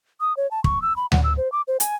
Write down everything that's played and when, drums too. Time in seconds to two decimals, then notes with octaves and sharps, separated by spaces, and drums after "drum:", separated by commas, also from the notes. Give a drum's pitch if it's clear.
0.21 D#6
0.37 C#5
0.51 A5
0.64 C#6, drum: kick
0.82 E6
0.96 B5
1.12 F#5, drum: tom D2
1.24 E6
1.37 C5
1.52 D6
1.68 C5
1.80 G#5, drum: hi-hat